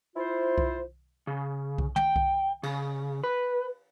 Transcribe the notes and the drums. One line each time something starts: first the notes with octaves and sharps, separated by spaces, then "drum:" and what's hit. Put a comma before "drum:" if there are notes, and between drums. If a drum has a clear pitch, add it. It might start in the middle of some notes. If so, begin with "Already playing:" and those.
E4 F4 C5
drum: kick B1
C#3
drum: kick B1
G5, drum: tom
drum: kick B1
C#3, drum: cymbal
B4